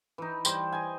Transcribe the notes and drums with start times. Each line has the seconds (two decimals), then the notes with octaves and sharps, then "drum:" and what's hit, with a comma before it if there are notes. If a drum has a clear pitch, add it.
0.18 E3 D#4
0.45 G3 C5 D5, drum: tambourine
0.72 D#5 G#5